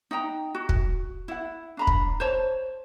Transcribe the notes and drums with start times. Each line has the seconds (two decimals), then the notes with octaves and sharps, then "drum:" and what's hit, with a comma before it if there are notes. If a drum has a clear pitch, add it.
0.11 D#4 F#5 G5 A#5
0.55 F#4
0.69 drum: kick
1.28 E4 F#5
1.77 D4 A#5 B5
1.87 drum: kick
2.20 C5 C#5 A5